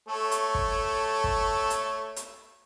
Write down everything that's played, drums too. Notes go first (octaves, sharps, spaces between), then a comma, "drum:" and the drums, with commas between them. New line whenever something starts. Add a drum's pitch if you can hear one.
A3 A4 C#5
drum: hi-hat
drum: kick
drum: kick
drum: hi-hat
drum: hi-hat